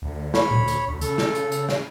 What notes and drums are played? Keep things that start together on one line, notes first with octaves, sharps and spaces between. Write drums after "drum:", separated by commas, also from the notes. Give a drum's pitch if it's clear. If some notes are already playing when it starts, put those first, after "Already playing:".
D2
C#5 B5, drum: snare
drum: tom
drum: hi-hat
D2
C#3 A4, drum: hi-hat
drum: snare
drum: hi-hat
drum: hi-hat
drum: snare